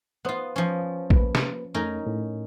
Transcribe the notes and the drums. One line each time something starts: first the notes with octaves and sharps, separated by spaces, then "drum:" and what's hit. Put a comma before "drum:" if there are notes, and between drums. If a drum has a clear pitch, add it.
B3 F4 C5 D#6 F#6
F3 C#4
A#3 B4, drum: kick A#1
drum: snare
F2 A3 C#4 D#4 A#4 A#5
A2